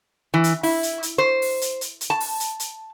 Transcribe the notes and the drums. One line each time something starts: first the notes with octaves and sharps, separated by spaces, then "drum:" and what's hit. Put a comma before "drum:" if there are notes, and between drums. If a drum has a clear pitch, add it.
E3
drum: hi-hat
E4, drum: open hi-hat
drum: hi-hat
drum: hi-hat
C5
drum: open hi-hat
drum: hi-hat
drum: hi-hat
drum: hi-hat
A5
drum: open hi-hat
drum: hi-hat
drum: hi-hat